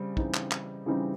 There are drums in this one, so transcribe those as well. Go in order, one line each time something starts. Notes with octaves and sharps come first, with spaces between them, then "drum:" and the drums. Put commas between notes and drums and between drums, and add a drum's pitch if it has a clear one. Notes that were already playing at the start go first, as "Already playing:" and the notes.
Already playing: C#3 G3 C4
C#3 E3 G3 C4 D#4, drum: kick
drum: clap
drum: clap
C#3 E3 G3 C4 D#4